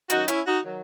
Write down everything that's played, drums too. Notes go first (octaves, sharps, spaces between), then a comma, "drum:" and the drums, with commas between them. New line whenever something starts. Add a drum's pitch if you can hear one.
F#2 D#3 F#3 D#4 F#4, drum: hi-hat
C#4 E4, drum: hi-hat
D#4 F#4
D#3 F#3